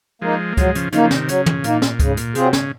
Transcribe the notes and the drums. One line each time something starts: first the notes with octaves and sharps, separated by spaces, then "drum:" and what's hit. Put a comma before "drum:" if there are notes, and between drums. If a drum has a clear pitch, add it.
F3 G#3 A#3 D#4
A#3
F3 F#3 G#3, drum: kick C#2, hi-hat
C#3 F3, drum: hi-hat
C#3 F3 A#3 D#4, drum: hi-hat
F3
C3 D#3, drum: snare
C#3 F#3, drum: hi-hat
drum: tom
A#2 A#3 D#4, drum: hi-hat
drum: snare
G#2 C#3, drum: kick C#2, hi-hat
A#2, drum: hi-hat
C3 F#3 C4 F4 G#4, drum: hi-hat
C#3, drum: snare